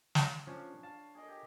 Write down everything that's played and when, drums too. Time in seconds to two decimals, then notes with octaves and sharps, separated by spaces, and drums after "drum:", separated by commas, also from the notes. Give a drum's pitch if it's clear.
0.15 drum: snare
0.47 F3 C#4 D4 C#5
0.83 F5 A5
1.15 G#4 A#4 D#5
1.28 G4